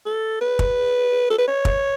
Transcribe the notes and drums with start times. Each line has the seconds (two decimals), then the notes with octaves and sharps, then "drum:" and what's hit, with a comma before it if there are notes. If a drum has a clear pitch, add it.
0.06 A4
0.41 B4
0.59 drum: kick
1.30 A4
1.38 B4
1.48 C#5
1.65 drum: kick